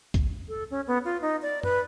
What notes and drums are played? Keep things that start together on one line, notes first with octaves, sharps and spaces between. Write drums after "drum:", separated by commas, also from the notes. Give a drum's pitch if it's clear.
drum: kick, hi-hat
A4
C#4
B3
F4
D#4
D5
B4, drum: tom F#2